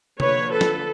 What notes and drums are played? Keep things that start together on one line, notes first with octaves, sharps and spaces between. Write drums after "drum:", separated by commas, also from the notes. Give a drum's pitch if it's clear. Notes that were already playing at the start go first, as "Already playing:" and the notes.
D3 F3 A#3 B4 C#5, drum: tom C3
A4 B4
drum: snare